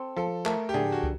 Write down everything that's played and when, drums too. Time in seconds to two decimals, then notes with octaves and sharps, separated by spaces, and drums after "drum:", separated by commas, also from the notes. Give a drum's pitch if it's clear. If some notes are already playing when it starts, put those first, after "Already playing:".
Already playing: C4 A4
0.17 F3 A4
0.46 A3 A#4, drum: clap
0.69 G4
0.74 D3 G#4, drum: tom A2
0.92 F#4
1.03 drum: kick